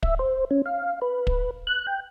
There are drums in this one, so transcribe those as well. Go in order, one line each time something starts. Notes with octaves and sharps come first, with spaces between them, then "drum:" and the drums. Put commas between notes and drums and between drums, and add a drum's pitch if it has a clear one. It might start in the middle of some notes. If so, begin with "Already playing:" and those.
E5, drum: kick
C5
C#4
F5
B4
drum: kick
F#6
G5